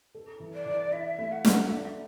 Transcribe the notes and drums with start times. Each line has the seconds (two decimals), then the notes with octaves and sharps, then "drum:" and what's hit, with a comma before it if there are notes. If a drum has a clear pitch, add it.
0.15 A4
0.40 E3
0.53 D5
0.66 E3
0.92 E4 E5
1.18 A3
1.31 F#5
1.45 A4, drum: snare
1.70 D4 E5